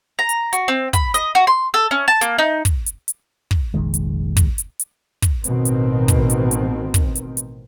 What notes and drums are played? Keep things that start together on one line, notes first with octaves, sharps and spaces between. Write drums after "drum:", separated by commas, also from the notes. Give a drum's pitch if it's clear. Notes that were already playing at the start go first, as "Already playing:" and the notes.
A#5
drum: hi-hat
F#4, drum: hi-hat
C4
B5, drum: kick, hi-hat
D#5, drum: hi-hat
F#4
C6
A4
C#4
A5
A#3, drum: hi-hat
D#4
drum: kick, hi-hat
drum: hi-hat
drum: hi-hat
drum: kick
F1 A#1 D#3 G#3
drum: hi-hat
drum: kick, hi-hat
drum: hi-hat
drum: hi-hat
drum: kick, hi-hat
A1 B2 D#3 C4, drum: hi-hat
drum: hi-hat
drum: kick, hi-hat
drum: hi-hat
drum: hi-hat
drum: kick, hi-hat
drum: hi-hat
drum: hi-hat